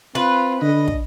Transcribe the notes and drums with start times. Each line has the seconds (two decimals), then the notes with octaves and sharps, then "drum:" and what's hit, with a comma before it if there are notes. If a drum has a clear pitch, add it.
0.15 C4 F4 B4
0.62 D3 D4 D#5
0.88 drum: kick